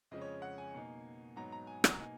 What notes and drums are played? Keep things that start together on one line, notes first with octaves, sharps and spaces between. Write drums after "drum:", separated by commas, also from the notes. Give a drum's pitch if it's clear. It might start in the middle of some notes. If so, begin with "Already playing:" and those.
F2 C#3 F3 G#3 C#4 D#5
C#5
F#5
G#5
B2 A#3 D#4
G#2 F#3 B3 D#4 A#5
A#5
G#5
F#5, drum: rim click
A#5
B2 A#3 D#4 G#5